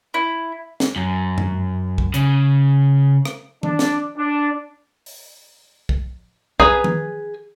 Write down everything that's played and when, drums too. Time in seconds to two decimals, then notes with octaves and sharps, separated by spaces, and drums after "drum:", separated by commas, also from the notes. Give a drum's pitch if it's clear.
0.14 E4
0.80 drum: snare
0.96 F#2
1.38 drum: tom G2
1.98 drum: kick
2.14 C#3, drum: hi-hat
3.25 drum: rim click
3.63 D4, drum: tom D#3
3.79 drum: snare
4.17 D4
5.06 drum: open hi-hat
5.89 drum: kick
6.60 G#4 B4 G#5 A#5, drum: kick
6.84 drum: tom D#3